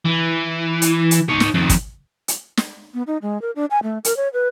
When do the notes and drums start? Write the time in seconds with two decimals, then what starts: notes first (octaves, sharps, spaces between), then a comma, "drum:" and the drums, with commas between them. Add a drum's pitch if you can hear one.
0.05 E3
0.82 drum: hi-hat
1.11 drum: hi-hat
1.29 D#4 C#5
1.40 drum: snare
1.54 F2 D#3
1.70 drum: kick, hi-hat
2.28 drum: hi-hat
2.57 drum: snare
2.94 B3
3.07 D#4
3.22 G#3
3.42 A#4
3.56 D4
3.71 G#5
3.83 A3
4.05 A#4, drum: hi-hat
4.17 C#5
4.33 B4